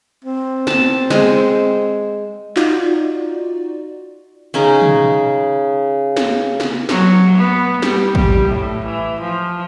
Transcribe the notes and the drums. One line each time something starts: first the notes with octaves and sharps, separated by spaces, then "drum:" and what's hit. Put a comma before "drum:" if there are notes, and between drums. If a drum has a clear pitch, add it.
C4
A5, drum: snare
G#3, drum: snare
D#4 F4 F#4 D5, drum: clap
C#3 C#4 D#4 G#4
drum: tom
drum: snare
drum: snare
F#3, drum: snare
B3
G3, drum: snare
G3, drum: kick A1
A2
E3
F3